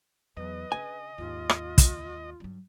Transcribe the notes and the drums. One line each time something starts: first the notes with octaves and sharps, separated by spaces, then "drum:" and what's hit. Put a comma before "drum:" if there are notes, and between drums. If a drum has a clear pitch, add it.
E2 F#3 B4 D#5
C#3 D4 G#5
D#2 G#2 F4
drum: rim click
drum: kick, hi-hat
G2 F#3